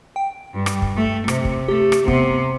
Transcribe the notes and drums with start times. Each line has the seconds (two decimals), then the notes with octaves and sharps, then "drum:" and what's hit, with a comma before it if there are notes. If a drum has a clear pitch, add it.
0.16 G5
0.54 G2
0.66 drum: rim click
0.82 drum: kick
0.96 A3
1.28 C3, drum: rim click
1.45 drum: kick
1.68 A3 G4
1.92 drum: rim click
2.08 C3 B3, drum: kick